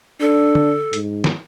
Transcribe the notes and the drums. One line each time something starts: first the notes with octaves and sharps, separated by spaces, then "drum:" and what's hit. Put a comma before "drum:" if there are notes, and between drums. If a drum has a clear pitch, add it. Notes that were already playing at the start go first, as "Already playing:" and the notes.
D4 A4
drum: tom D3
G#2, drum: hi-hat
drum: snare